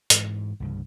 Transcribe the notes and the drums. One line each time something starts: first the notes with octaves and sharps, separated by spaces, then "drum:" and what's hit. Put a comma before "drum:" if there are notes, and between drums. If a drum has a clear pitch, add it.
G#2 E3, drum: hi-hat
C2 G2 C#3